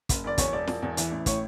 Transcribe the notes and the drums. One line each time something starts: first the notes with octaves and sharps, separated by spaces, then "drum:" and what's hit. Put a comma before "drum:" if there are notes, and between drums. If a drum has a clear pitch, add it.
F#1, drum: kick, hi-hat
F#1 D5
E2 C#5, drum: kick, hi-hat
E1 D5
E1, drum: snare
E2
E3, drum: hi-hat
A1
A2 C#5, drum: kick, hi-hat